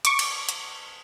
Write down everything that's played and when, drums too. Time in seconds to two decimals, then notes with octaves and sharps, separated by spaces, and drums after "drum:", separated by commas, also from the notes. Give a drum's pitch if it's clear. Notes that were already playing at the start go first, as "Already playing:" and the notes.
0.05 C#6 D6, drum: hi-hat
0.19 drum: cymbal
0.49 drum: hi-hat